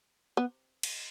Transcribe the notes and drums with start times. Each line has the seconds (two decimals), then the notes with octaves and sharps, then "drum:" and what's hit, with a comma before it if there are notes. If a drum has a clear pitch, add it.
0.37 B3
0.83 drum: cymbal